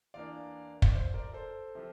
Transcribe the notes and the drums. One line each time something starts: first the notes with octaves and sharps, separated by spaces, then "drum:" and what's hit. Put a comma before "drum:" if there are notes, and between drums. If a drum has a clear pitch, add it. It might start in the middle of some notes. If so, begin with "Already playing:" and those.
E2 E3 A#3 D4 D5 F5
D5, drum: kick
C5 E5
A#4 D5
A4 C5
C3 F3